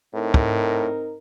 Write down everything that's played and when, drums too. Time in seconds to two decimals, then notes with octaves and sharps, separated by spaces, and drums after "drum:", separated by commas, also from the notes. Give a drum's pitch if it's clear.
0.14 A2 C4 D#4 A#4
0.34 drum: kick